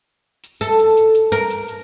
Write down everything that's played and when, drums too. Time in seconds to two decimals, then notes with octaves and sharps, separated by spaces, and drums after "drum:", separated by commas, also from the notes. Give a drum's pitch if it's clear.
0.43 drum: hi-hat
0.61 A4, drum: hi-hat
0.79 drum: hi-hat
0.97 drum: hi-hat
1.15 drum: hi-hat
1.32 A#4, drum: hi-hat
1.50 drum: hi-hat
1.68 drum: hi-hat